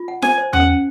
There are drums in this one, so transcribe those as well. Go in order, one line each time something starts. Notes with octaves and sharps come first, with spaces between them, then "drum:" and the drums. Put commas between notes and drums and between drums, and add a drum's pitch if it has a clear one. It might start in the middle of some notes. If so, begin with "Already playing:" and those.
Already playing: F4
F#5
C5 G#5, drum: snare F4
C5
C#4 F#5, drum: tom E2
C#4